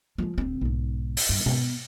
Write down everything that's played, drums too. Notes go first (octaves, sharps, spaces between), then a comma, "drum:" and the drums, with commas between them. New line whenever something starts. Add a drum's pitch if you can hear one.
F3 G#3
D1 C4
B1 G#2
drum: open hi-hat
G2
B3, drum: tom B2